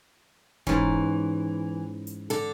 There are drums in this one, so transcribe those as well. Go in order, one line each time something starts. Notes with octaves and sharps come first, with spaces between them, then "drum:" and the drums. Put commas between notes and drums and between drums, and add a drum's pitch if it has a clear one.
G#2 E3 C#4, drum: kick F1
drum: hi-hat
D3 A4